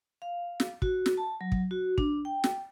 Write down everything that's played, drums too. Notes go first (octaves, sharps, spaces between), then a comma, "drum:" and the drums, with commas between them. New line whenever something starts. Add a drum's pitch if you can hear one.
F5
drum: snare
F#4, drum: kick
drum: snare
A5
F#3
drum: kick
F#4
D4, drum: kick
G5
drum: snare